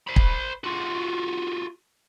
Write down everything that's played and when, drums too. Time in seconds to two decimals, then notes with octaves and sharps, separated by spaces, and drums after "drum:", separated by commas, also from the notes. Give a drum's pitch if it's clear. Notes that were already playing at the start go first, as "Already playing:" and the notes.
0.07 C5 B5
0.16 drum: kick
0.64 F4 F#4